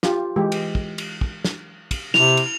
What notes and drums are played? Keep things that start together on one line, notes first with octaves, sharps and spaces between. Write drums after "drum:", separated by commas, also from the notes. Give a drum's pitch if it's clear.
F4 G4, drum: snare
E3 G#3 G4
drum: cymbal
drum: kick
drum: cymbal
drum: kick
drum: snare
drum: kick, cymbal
C3 E4 F7, drum: snare
drum: cymbal